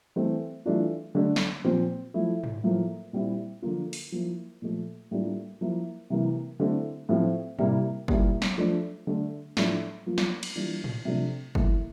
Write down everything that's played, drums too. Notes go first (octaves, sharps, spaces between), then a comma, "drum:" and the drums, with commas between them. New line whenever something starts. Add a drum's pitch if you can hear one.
E3 A3 C4
E3 A3 D4 F4
D3 A3 D4
drum: snare
A#2 F3 C4
F3 A3 E4
drum: tom G#2
A2 F3 A#3
A#2 G3 C4 E4
D3 F3 A#3 F4
drum: open hi-hat
F3 A#3 E4
A#2 F3 A3
A2 G3 A#3 D4 F4
F3 A#3 E4
C3 E3 A#3 E4
D3 A3 C4 E4
A2 F3 C4 F4
C3 G3 A#3 E4, drum: tom G#2
A#2 G3 A#3 E4, drum: kick
drum: snare
F3 A3 D4
D3 A3 D4
A2 F3 A3 D4, drum: snare
F3 A#3 F4
drum: snare
drum: cymbal
E3 G3 A#3 D4 F4
drum: tom A2
C3 F3 A3 D4
A2 E3 A#3 E4, drum: kick